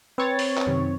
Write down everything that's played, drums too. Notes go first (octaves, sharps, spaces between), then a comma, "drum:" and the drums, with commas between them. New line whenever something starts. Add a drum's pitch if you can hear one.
C4 B4 C#5 A6
drum: open hi-hat
drum: clap
F#2 C3 D#3